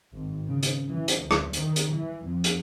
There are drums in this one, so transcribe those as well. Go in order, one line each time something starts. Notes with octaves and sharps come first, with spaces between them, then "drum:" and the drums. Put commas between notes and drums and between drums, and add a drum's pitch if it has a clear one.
G#1
C#3
drum: hi-hat
E3
drum: hi-hat
D2
drum: rim click
D#3, drum: hi-hat
drum: hi-hat
E3
F2
drum: hi-hat